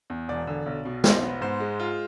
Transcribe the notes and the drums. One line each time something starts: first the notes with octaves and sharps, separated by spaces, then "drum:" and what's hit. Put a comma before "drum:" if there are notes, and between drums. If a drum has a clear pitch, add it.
E2
E1 D5
D3
B1
B2
B1 C5, drum: snare
B3
G#2 C5
G#3
F4